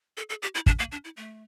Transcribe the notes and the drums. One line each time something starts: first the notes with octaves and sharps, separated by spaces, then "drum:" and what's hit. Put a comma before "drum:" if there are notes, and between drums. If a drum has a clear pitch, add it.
A4
A4
G4
E4
D4, drum: kick
A#3
D4
E4
A3